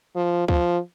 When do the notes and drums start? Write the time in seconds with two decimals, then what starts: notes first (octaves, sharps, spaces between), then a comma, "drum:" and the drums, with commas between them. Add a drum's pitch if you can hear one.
0.16 F3
0.48 F3, drum: kick C#2